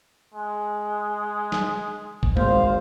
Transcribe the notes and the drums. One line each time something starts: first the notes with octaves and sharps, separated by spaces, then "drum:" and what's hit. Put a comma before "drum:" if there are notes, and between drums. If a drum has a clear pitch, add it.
G#3
drum: snare
drum: kick C2
G#1 C5 F5, drum: tom G#3